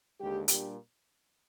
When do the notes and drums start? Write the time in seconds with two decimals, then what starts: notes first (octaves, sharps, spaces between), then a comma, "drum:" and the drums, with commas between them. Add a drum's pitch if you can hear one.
0.20 D#2 D3 G#3 G4
0.48 A#2 G3 D4 G4, drum: hi-hat